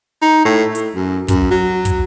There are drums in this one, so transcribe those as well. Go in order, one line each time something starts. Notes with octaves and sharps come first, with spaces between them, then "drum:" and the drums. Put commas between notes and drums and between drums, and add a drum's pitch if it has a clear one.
D#4
A2
A2, drum: hi-hat
F#2
F#2, drum: kick, hi-hat
F#3
drum: kick, hi-hat